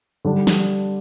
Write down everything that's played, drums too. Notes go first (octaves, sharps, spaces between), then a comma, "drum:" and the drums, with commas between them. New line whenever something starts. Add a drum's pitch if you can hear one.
D3 G3 D4
drum: snare